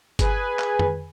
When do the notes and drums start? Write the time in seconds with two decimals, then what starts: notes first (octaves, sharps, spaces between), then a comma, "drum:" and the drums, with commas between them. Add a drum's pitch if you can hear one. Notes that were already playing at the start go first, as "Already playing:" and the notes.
0.19 G#4 B4 G#5, drum: kick G1, hi-hat
0.59 drum: clap
0.79 drum: tom